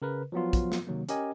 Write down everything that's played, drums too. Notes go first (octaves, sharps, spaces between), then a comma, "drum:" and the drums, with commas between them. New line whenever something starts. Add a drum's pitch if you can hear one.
C#3 A#4 B4
F3 F#3 B3 F4
drum: kick, hi-hat
drum: snare
C3 D#3 F#3 A#3
C#4 G4 A#4 D#5 G#5, drum: hi-hat